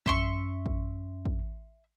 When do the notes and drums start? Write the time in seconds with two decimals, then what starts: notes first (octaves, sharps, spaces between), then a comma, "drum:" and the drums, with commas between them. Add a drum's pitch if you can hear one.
0.06 F#2 C#4 E5 C6 C#6, drum: kick
0.66 drum: kick
1.25 drum: kick